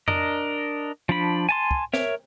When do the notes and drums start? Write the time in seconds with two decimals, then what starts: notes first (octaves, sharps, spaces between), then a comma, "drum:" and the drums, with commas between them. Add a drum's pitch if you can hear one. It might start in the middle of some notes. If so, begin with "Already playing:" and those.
0.08 D4 A#4 D#5, drum: tom F2
1.09 F3 D4 B5
1.49 G#5 A5 C6
1.71 drum: kick
1.93 A#4 C#5 E5, drum: snare